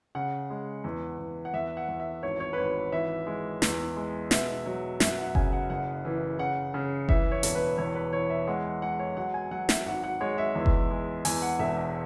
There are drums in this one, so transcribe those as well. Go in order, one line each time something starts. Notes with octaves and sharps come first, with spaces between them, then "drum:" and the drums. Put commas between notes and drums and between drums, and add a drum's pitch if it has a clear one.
C#3 F#5
G#3
E2
E2
F#5
E2 E5
F#5
E2
E5
G#1 C#5
C#5
B4
G#1 C#5
E3 E5
G#3
E2, drum: snare
G#3
B2 E5, drum: snare
F#3
F#2 E5, drum: snare
F#5
C#3 G#5, drum: kick F#1
F#5
F#1 F#5
E3
C#3 F#5
C#3
E3 E5, drum: kick F#1
C#5
E1, drum: hi-hat
B4
E2 C#5
B4
E3 C#5
E5
G#3 F#5
F#5
G#3 F#5
C#5
F#3 F#5
G#5
F#3 F#5
E5, drum: snare
G#1 F#5
F#5
G#3 C#5
E5
E2
drum: kick F#1
G#3
E2 G#5, drum: open hi-hat
F#5
E1 E5
E5